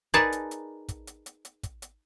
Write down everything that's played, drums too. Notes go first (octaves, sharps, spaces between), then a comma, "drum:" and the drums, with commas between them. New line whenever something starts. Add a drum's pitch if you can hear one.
D#4 G#4 A#4 B4 D5 A5, drum: kick, hi-hat
drum: hi-hat
drum: hi-hat
drum: kick, hi-hat
drum: hi-hat
drum: hi-hat
drum: hi-hat
drum: kick, hi-hat
drum: hi-hat